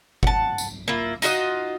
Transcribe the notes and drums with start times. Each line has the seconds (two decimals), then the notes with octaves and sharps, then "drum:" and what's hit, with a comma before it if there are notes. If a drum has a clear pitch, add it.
0.23 F#5 A5, drum: kick G1
0.58 drum: tambourine
0.88 A#3 E4 F4
1.22 D#4 F4 F#4 D#5, drum: tambourine